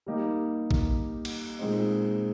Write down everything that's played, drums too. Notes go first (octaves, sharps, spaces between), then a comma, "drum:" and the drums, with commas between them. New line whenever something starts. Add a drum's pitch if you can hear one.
G3 A#3 D#4 G4
drum: kick
drum: cymbal
A#2 G#3 C4 D#4